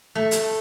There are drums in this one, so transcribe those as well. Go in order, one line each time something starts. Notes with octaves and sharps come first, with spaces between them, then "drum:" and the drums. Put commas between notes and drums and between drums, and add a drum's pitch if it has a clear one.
A3
drum: hi-hat